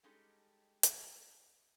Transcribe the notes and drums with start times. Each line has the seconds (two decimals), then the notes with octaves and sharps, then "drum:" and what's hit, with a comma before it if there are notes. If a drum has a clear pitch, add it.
0.03 G3 G#3 C#4 D#4 G4 A4
0.83 drum: hi-hat